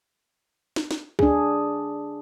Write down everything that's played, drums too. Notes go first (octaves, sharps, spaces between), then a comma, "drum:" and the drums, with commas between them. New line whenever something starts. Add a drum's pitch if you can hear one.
drum: snare
drum: snare
D4 G#4, drum: kick C2